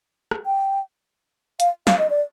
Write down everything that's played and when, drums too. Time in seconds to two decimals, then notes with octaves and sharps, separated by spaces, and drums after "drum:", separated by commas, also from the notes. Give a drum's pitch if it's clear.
0.31 drum: rim click
0.46 G5
1.60 F5, drum: hi-hat
1.87 F5, drum: snare
1.98 D#5
2.10 D5